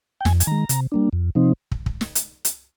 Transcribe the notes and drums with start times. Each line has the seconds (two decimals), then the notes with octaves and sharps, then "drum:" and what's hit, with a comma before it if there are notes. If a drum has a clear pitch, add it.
0.20 G5
0.25 F2 G#5, drum: snare
0.40 G#5, drum: hi-hat
0.47 D#3 G#3 A#5
0.69 C3, drum: hi-hat
0.92 G3 A#3 D4
1.13 F2
1.35 C3 F3 C4 D#4
1.71 drum: kick
1.86 drum: kick
2.01 drum: snare
2.15 drum: hi-hat
2.45 drum: hi-hat